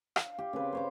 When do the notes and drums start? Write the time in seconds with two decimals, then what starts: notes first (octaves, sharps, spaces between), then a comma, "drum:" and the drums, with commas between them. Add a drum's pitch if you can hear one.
0.16 F5, drum: rim click
0.38 G4
0.53 C#3 C4 B4
0.73 C5 C#5 D6